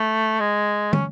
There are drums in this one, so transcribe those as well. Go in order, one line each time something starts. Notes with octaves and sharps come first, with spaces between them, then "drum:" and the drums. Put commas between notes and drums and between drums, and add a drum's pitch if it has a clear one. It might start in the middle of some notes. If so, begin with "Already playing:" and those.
Already playing: A3
G#3
C#4, drum: tom